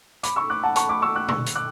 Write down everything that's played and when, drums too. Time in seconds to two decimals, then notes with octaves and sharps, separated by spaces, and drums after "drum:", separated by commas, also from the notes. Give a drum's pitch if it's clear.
0.23 B5 D6, drum: hi-hat
0.36 C#6 E6
0.50 D6 F#6
0.63 F#5 A5
0.76 A5 C#6, drum: hi-hat
0.89 B5 D6
1.02 C#6 E6
1.15 D6 F#6
1.28 C#6 E6, drum: tom B2
1.46 drum: hi-hat
1.55 D6 F#6